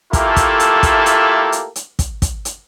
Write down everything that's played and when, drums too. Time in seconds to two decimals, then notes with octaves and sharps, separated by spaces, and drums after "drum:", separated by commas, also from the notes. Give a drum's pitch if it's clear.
0.13 A3 A#3 E4 F4 G4 A4, drum: kick, hi-hat
0.36 drum: kick, hi-hat
0.60 drum: hi-hat
0.83 drum: kick, hi-hat
1.06 drum: hi-hat
1.52 drum: hi-hat
1.76 drum: hi-hat
1.99 drum: kick, hi-hat
2.22 drum: kick, hi-hat
2.45 drum: hi-hat